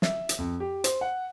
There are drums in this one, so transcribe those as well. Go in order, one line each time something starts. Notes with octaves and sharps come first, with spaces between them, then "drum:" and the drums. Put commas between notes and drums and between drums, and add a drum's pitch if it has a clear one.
E5, drum: snare
drum: hi-hat
F2
G4
C5, drum: hi-hat
F#5